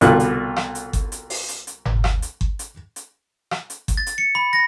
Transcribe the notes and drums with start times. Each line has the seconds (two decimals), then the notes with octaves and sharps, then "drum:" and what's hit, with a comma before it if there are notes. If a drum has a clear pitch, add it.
0.01 C2 B2 D3 A3 F4 F#6, drum: hi-hat
0.20 drum: hi-hat
0.56 drum: rim click
0.75 drum: hi-hat
0.93 drum: kick G1, hi-hat
1.12 drum: hi-hat
1.30 drum: open hi-hat
1.49 drum: hi-hat
1.67 drum: hi-hat
1.85 drum: tom G1
2.04 drum: rim click
2.22 drum: hi-hat
2.41 drum: kick G1
2.59 drum: hi-hat
2.96 drum: hi-hat
3.51 drum: rim click
3.70 drum: hi-hat
3.88 drum: kick G1, hi-hat
3.97 A6
4.07 drum: hi-hat
4.18 C#7
4.35 B5
4.53 A#6